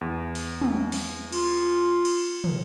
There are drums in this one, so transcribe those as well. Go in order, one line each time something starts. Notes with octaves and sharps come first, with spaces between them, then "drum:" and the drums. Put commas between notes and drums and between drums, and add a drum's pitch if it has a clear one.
E2
drum: open hi-hat
drum: tom
drum: open hi-hat
F4, drum: cymbal
drum: cymbal
drum: tom